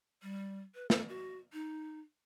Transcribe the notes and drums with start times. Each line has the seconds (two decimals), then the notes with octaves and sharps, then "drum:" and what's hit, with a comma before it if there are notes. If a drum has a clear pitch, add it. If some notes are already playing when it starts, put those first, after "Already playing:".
0.22 G3
0.75 B4
0.90 A4, drum: snare
1.09 F#4
1.53 D#4